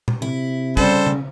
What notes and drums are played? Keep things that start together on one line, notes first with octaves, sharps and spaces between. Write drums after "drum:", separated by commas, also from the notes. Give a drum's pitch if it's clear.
drum: tom A#2
C3 E4
C#3 G3 A4 C5, drum: kick
drum: tom C#3